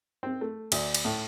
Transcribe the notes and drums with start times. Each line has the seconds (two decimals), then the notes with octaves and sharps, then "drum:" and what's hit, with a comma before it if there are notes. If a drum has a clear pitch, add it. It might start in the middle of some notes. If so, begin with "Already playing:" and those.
0.23 C4
0.41 A3
0.72 D2, drum: cymbal
0.94 drum: cymbal
1.05 A2